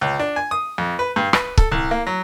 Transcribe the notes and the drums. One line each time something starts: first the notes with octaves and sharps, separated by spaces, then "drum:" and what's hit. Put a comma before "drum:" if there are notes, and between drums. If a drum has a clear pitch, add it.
C#2
D4
G#5
D#6
F2
B4
G2
B4, drum: rim click
A4, drum: kick
C2
A#3
F#3